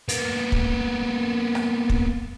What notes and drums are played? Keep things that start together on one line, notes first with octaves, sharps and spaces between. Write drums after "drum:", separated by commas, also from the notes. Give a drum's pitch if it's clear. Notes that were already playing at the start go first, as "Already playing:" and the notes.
A#3 B3, drum: hi-hat
drum: kick
drum: rim click
drum: kick